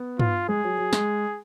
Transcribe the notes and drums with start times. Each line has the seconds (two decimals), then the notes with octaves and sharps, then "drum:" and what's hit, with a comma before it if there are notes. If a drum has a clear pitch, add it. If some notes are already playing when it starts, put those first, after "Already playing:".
Already playing: B3
0.19 F4, drum: tom
0.49 G#3 G#4
0.64 F#3
0.78 F#3
0.93 G#3, drum: snare